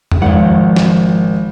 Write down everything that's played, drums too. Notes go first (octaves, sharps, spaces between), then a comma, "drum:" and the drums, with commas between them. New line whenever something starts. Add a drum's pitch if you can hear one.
drum: tom E2
G#1 F3 F#5
drum: snare